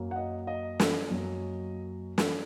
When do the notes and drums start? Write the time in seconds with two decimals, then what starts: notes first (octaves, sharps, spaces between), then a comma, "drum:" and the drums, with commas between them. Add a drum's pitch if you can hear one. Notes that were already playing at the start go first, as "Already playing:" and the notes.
Already playing: F#2 F#3 A#3
0.11 F#5
0.16 D#5
0.47 D#5
0.80 drum: snare
1.10 F#2 F#3 A#3
2.18 drum: snare